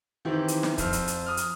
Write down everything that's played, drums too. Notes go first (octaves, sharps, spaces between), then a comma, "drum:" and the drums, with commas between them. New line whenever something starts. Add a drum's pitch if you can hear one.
D#3 E3 C4 E4 G4
drum: hi-hat
drum: snare
F2 C5 F6, drum: kick C#1, hi-hat
drum: hi-hat
drum: hi-hat
D#6 F6
drum: hi-hat